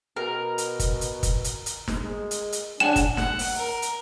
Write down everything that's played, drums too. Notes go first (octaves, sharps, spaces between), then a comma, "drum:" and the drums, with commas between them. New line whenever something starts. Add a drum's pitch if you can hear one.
B2 A#4
drum: hi-hat
drum: kick, hi-hat
drum: hi-hat
drum: kick, hi-hat
drum: hi-hat
drum: hi-hat
drum: snare
G#3
drum: hi-hat
drum: hi-hat
C#3 D4 F#5 G#5 E7
drum: kick, hi-hat
F#5, drum: snare
drum: open hi-hat
A#4
drum: hi-hat